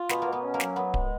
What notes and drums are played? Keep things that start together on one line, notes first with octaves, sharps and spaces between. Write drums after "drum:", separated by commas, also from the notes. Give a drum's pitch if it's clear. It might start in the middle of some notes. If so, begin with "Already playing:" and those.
Already playing: F4
B2 B3, drum: snare
B2 A#3
B3
C#4
A#3
F#3, drum: snare
F#2 B3
G#3, drum: kick D1